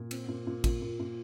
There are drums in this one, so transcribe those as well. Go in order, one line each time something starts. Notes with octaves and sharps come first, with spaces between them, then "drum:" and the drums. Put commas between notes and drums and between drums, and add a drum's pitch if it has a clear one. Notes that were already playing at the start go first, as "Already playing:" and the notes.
Already playing: A#2
C4, drum: cymbal
A#2
A#2
A#2, drum: kick A1, cymbal
A#2
A#2